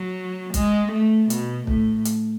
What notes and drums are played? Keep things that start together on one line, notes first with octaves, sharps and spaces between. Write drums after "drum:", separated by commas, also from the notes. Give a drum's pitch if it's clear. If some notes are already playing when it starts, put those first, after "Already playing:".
Already playing: F#3
G#3, drum: kick, hi-hat
A3
B2, drum: hi-hat
A2, drum: kick
drum: hi-hat